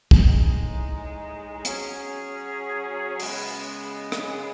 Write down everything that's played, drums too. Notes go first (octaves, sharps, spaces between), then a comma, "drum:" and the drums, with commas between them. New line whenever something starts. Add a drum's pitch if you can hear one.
A2 G#3 D#4, drum: kick
F#3 C#4 G#4, drum: hi-hat
C#3 G#3 B3, drum: open hi-hat
drum: rim click